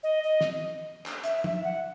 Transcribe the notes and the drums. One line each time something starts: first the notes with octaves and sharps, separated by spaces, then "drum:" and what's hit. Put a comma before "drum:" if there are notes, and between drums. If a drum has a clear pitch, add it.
D#5
D#5
drum: snare
drum: clap
E5, drum: hi-hat
E5, drum: tom
F#5